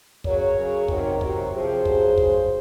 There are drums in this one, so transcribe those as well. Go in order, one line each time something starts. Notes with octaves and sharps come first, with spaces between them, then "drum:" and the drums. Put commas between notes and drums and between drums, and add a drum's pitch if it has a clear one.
C#3 F#3 A#4 C#5, drum: kick
C#3 F#3
C3 D#3 F#3 A#4 C#5, drum: kick
C3 F#3, drum: kick
C3 F3 G#4 C5
C#3 F#3, drum: kick
C#3 F#3, drum: kick